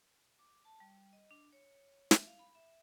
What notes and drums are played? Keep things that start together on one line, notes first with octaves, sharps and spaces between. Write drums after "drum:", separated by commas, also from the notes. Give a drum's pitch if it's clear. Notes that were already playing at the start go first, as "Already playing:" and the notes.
D6
A5
G3
D#5
D4
C#5
E5, drum: snare
F5
B5
E5